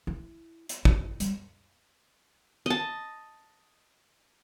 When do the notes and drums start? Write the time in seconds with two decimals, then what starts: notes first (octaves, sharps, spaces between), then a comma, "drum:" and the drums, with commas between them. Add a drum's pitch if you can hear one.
0.07 E4
0.69 drum: hi-hat
0.85 E4, drum: kick
1.20 G3, drum: hi-hat
2.66 D#5 A5